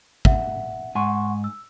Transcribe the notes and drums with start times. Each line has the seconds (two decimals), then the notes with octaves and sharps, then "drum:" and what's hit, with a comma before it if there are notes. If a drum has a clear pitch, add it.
0.25 E5 F#5, drum: kick
0.95 G#2 F#5 G#5 C6 C#6
1.44 E6